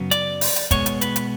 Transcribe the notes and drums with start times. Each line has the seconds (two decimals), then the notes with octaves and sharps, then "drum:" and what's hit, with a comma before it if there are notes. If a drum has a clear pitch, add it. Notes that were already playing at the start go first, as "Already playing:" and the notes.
Already playing: F#2 C#3 F#3 B3
0.11 D5, drum: hi-hat
0.41 drum: open hi-hat
0.56 drum: hi-hat
0.71 B2 G#3 B3 C#5, drum: kick, hi-hat
0.86 drum: hi-hat
1.01 B4, drum: hi-hat
1.16 drum: hi-hat